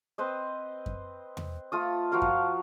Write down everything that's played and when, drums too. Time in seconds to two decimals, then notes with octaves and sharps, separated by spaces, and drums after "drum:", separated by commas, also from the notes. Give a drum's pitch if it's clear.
0.18 C4 B4 C5 D#5
0.86 drum: kick F#2
1.37 drum: tom E2
1.72 A3 F4 D#6
2.12 F3 F#4 A#4 F5
2.22 drum: kick F#2